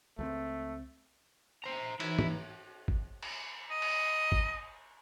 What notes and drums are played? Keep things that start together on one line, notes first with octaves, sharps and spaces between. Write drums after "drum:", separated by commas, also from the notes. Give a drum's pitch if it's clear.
C#2 G#3 A3 C4
C5 A#5
E3 D#4 E4, drum: cymbal
drum: tom G#2
drum: kick G1
drum: cymbal
D#5
drum: cymbal
drum: kick G1